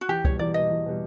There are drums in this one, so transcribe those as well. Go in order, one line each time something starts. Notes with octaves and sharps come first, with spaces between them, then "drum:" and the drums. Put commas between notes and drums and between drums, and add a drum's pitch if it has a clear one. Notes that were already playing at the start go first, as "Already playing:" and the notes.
F#4
E2 G4
B2 G3 C#5, drum: kick
E2 D5
B2 G3 D#5
E2
B2 G3